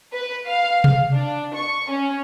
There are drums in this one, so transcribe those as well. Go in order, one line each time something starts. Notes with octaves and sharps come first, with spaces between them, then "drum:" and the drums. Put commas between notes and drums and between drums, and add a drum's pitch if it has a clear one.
B4
F5
drum: tom C3
D4
C#6
C#4